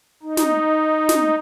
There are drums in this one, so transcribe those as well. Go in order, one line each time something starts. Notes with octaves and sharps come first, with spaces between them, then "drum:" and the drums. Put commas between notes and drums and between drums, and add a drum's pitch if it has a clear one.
D#4
drum: snare
drum: snare